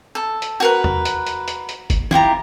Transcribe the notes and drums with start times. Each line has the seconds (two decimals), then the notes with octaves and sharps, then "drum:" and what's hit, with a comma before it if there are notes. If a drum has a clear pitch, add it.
0.15 A4
0.42 drum: hi-hat
0.60 F#4 A#4 B4
0.84 drum: tom E2
1.05 drum: hi-hat
1.27 drum: hi-hat
1.48 drum: hi-hat
1.69 drum: hi-hat
1.90 drum: kick, hi-hat
2.11 E4 F4 G4 A#5, drum: tom D#3